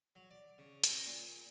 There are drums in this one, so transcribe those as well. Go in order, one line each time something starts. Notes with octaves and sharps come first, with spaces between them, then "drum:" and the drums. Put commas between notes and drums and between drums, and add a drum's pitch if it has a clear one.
F#3
D5
C#3
A#5, drum: hi-hat
A#2